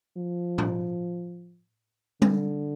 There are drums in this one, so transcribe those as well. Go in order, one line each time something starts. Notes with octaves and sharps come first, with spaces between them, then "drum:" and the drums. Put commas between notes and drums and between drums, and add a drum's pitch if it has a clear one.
F3
drum: tom A2
D3, drum: tom G3